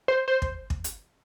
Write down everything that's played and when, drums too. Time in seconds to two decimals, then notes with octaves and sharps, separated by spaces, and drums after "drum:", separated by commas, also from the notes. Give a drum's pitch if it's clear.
0.08 C5
0.28 C5
0.42 drum: kick
0.70 drum: kick
0.84 drum: hi-hat